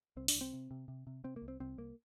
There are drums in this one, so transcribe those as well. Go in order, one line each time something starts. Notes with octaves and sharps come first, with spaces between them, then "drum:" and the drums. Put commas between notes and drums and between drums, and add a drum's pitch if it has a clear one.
C2 C4
D4, drum: open hi-hat
C2
C4
C3
C3
C3
C3
C3 C4
A#3
C2
C4
C2 C4
C2 A#3